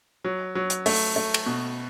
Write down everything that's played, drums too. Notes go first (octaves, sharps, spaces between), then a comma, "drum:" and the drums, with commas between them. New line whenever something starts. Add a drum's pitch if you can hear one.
F#3
F#3
drum: hi-hat
A3, drum: open hi-hat
A3
drum: cymbal
B2